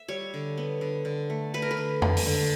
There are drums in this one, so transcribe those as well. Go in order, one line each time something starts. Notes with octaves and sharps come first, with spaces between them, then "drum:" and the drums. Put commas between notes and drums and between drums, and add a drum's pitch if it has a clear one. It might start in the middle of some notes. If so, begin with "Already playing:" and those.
Already playing: E5
G3 C#5
D3
B3
D3
D3
A3
A3 B4
A#4
B4
D3
D3, drum: tom F2
drum: open hi-hat
D3